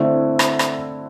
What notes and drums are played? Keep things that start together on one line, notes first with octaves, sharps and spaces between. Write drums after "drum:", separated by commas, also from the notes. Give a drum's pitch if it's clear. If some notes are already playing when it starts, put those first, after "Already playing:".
Already playing: D3 A3 C4 E4
drum: rim click
drum: rim click